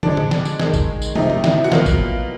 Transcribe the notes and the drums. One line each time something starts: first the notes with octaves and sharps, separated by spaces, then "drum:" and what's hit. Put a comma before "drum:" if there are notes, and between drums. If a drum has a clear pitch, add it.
D3 F3 G#3 D4, drum: tom
drum: tom A2
drum: snare
drum: tambourine
D#3 G#3, drum: snare
drum: kick A1, tambourine
drum: tambourine
C3 F3 A3 D#4, drum: tom
drum: tom B2
E4, drum: snare
F#4
B2 F#3 A#3 F4, drum: snare
drum: kick A1, tambourine